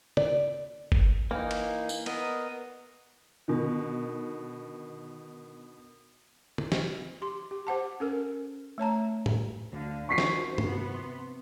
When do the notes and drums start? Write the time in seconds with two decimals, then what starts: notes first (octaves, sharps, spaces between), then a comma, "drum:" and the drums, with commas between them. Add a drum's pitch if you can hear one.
0.17 D5, drum: tom
0.92 drum: kick G1
1.31 E3 A#3 D#4
1.51 drum: cymbal
1.89 drum: tambourine
2.06 B3 A#4 D#5, drum: cymbal
3.48 B2 D3 D#3
6.58 drum: tom
6.72 drum: snare
7.22 G4 C6
7.51 G4
7.67 G4 C5 F#5 A5
8.00 C#4 A4 A#4
8.78 A3 C#5 A5 A#5
9.26 drum: tom A2
9.72 D2 D3 F5
10.09 D#3 F3 C#4 F#4 C5 C#6 B6 C7
10.18 drum: snare
10.58 C3 B3, drum: tom G2
10.94 C6